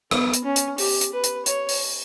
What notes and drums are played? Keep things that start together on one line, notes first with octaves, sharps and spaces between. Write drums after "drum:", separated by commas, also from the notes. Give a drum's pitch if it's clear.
B3, drum: rim click
drum: hi-hat
C#4
drum: hi-hat
G4, drum: open hi-hat
drum: hi-hat
B4
drum: hi-hat
C#5, drum: hi-hat
drum: open hi-hat